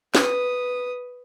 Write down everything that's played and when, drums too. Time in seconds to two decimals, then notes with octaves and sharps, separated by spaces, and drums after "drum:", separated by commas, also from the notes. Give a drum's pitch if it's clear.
0.15 B4 D#6, drum: snare